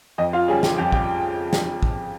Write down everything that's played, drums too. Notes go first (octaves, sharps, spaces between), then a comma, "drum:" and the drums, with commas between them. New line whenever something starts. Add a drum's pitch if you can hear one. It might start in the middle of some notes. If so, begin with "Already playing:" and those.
F2 D#5
F4 F5
C#3 G3 C#4 G#4 G#5
G4 G5, drum: snare
F2 G4 G5
G4 G5, drum: kick
drum: snare
drum: kick